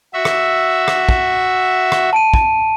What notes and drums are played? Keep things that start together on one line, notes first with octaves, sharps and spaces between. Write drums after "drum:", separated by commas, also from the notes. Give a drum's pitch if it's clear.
F#4 E5
drum: rim click
drum: rim click
drum: kick
drum: rim click
A5 D7 D#7
drum: kick